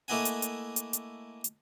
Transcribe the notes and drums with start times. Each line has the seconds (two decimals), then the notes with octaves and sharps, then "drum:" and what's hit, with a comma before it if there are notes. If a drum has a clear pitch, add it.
0.08 A3 A#3 E4 D#5 F#5 G#5
0.25 drum: hi-hat
0.42 drum: hi-hat
0.76 drum: hi-hat
0.93 drum: hi-hat
1.44 drum: hi-hat